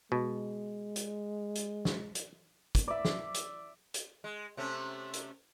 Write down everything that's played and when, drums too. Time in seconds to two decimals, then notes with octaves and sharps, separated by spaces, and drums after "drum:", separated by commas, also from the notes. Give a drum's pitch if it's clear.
0.12 B2 G#3
0.96 drum: hi-hat
1.55 drum: hi-hat
1.85 drum: snare
2.15 drum: hi-hat
2.75 drum: kick, hi-hat
2.88 D5 E5
3.05 drum: snare
3.35 drum: hi-hat
3.94 drum: hi-hat
4.24 G#3
4.57 C3 A3 C#4
5.14 drum: hi-hat